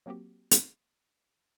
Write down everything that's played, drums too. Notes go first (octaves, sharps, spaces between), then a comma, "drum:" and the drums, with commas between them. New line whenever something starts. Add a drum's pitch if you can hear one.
F#3 A#3 C4 F#4 G4
drum: hi-hat